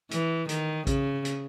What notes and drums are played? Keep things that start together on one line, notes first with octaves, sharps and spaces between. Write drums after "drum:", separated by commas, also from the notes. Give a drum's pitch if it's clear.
E3, drum: hi-hat
D#3, drum: hi-hat
C#3, drum: kick A#1, hi-hat
drum: hi-hat